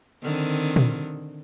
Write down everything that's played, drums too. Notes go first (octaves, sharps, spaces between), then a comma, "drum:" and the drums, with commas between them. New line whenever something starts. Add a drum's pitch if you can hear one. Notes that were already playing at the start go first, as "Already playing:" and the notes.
D3 D#3 C4
drum: tom A#2